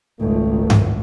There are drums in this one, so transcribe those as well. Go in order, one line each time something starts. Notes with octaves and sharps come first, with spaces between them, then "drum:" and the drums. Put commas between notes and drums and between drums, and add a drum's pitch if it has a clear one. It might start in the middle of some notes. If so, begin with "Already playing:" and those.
G#1 C#2 A#2 D#3 A3
drum: tom G2